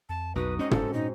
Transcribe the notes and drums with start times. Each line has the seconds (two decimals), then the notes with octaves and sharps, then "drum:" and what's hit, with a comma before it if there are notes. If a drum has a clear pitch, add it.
0.09 F2 A5
0.36 B1 F2 D#4 F#4 B4 D#6
0.59 G#2 C4 C#4 D#5
0.71 F#1 A4, drum: tom
0.94 A#2 D#4